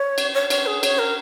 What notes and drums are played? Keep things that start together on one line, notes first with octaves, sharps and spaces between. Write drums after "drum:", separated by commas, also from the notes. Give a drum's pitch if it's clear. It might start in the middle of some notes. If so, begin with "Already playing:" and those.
Already playing: C#5
drum: cymbal
C#5
C#5, drum: cymbal
G#4
C#5, drum: cymbal
A#4